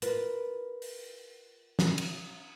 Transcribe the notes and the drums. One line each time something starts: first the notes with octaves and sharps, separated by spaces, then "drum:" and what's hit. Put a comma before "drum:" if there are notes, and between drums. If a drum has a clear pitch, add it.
F4 A#4 B4, drum: hi-hat
drum: open hi-hat
drum: snare
drum: cymbal